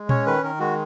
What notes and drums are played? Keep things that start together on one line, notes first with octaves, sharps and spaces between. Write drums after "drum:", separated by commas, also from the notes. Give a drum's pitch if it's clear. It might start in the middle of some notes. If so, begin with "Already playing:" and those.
Already playing: G#3
C#4 C#5, drum: tom A#2
D#3 B4
D#3 A#4
G#3 F#4